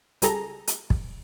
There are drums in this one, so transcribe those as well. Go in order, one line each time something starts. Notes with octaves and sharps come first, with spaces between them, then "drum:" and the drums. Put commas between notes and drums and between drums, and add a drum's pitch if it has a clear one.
C#2 G3 G#4 A4 A#5, drum: hi-hat
drum: hi-hat
drum: kick